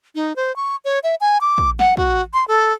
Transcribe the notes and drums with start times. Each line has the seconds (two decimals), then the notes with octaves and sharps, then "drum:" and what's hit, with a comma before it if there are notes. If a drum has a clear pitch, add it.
0.15 D#4
0.36 C5
0.56 C#6
0.85 C#5
1.03 E5
1.21 G#5
1.41 D6
1.58 drum: kick
1.79 F#5, drum: snare
1.97 F#4, drum: kick
2.34 C6
2.48 A4